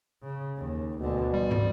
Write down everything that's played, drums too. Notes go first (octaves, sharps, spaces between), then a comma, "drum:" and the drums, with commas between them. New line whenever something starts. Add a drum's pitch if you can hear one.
C#3
D#2
D2 B2 D3
F3 G3
drum: tom